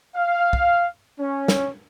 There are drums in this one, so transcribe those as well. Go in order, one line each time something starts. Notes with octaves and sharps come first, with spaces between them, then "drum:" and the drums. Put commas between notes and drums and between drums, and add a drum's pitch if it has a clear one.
F5
drum: kick
C#4
drum: snare